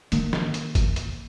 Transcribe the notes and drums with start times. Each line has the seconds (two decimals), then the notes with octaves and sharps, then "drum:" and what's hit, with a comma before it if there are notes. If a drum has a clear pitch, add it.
0.12 D#3 A#3, drum: hi-hat
0.33 drum: snare
0.54 drum: hi-hat
0.75 drum: kick G1, hi-hat
0.96 drum: hi-hat